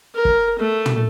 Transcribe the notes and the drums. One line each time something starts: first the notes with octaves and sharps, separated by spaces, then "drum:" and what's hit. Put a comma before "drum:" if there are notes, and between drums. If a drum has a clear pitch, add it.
A#4
drum: kick
A3
drum: tom